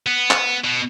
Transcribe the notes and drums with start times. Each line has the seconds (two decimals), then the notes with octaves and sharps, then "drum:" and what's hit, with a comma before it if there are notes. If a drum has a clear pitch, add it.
0.07 B3
0.31 drum: clap
0.64 B2